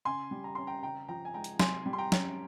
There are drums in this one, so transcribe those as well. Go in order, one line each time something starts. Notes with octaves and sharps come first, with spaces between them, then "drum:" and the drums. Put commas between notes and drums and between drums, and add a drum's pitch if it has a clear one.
C#3 G#5 C6
G3
A#5
C#4 C6
G5 A#5
C#3 G5 A#5
F3 G5 A#5
G#5
G#3 G5 A#5
drum: hi-hat
C3 G#5 C6, drum: snare
G3
C6
G5 A#5
C#4, drum: snare